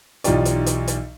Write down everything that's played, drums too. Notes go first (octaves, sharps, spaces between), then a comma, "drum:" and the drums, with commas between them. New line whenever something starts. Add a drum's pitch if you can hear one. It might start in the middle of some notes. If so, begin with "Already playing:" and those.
B1 E3 D#4 F4 G4 D5, drum: hi-hat
drum: hi-hat
drum: hi-hat
drum: hi-hat